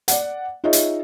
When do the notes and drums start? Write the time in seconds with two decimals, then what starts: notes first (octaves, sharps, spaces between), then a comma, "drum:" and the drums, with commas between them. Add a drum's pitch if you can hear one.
0.08 D5 F#5, drum: hi-hat
0.64 D#4 F4 G#4 C#5 D#5 E5
0.73 drum: hi-hat